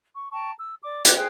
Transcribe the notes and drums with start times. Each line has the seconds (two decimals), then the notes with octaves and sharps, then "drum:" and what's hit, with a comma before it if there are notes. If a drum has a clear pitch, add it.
0.15 C#6
0.33 G5 A5 A#5 C#6
0.59 E6
0.84 D5 D6
1.05 D6 F#6 G6, drum: hi-hat
1.16 G#4 C5 G5 F#6